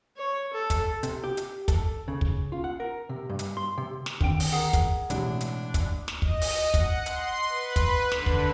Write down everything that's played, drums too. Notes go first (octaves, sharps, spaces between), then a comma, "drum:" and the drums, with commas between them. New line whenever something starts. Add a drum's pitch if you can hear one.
C#5
A4
drum: kick, hi-hat
C3, drum: hi-hat
G4
drum: hi-hat
A4, drum: kick, hi-hat
C#3
drum: kick
F4
F#5
A#4
C3
G2
drum: hi-hat
C6
C3
drum: snare
D3 D#3 C4 G5 D7, drum: kick
drum: open hi-hat
G#4 A#4 F#5 D#6 C7
drum: kick, hi-hat
A1 B2 G#3 C4 D4, drum: hi-hat
drum: hi-hat
drum: kick, hi-hat
drum: snare
D#5, drum: kick
drum: open hi-hat
F#5, drum: kick, hi-hat
C6, drum: hi-hat
B4
drum: kick, hi-hat
D3, drum: snare
drum: kick